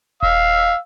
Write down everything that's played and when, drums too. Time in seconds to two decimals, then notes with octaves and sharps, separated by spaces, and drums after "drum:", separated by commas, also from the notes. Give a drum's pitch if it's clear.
0.23 F5 E6, drum: kick D#1